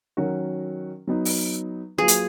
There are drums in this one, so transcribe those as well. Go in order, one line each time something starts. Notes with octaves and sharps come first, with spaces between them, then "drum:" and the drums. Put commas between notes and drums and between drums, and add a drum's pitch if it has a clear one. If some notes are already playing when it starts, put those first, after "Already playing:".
D#3 F#3 C#4 F#4 A#4
F#3 B3 D#4
drum: open hi-hat
F#3 A#3 F4 G#4 B4
drum: hi-hat